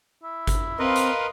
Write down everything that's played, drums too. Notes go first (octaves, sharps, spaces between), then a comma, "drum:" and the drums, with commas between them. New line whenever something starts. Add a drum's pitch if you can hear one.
E4
drum: kick G1, hi-hat
C4 A#4 B4 D#5 F5 C6
drum: hi-hat